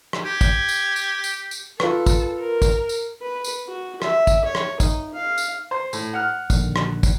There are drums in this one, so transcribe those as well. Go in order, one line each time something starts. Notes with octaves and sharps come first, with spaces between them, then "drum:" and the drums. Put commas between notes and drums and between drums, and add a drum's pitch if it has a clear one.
drum: rim click
G4 G#6
drum: kick, tambourine
drum: tambourine
drum: tambourine
drum: tambourine
drum: tambourine
F4 A4 B4, drum: rim click
drum: kick, tambourine
A#4
drum: kick, tambourine
drum: tambourine
B4
drum: tambourine
F#4
E5, drum: rim click
drum: kick, tambourine
C#5
drum: rim click
D#4, drum: kick, tambourine
F5
drum: tambourine
C5
A2, drum: tambourine
F#5 F6
A#1 D3 D#3, drum: kick, tambourine
drum: rim click
drum: kick, tambourine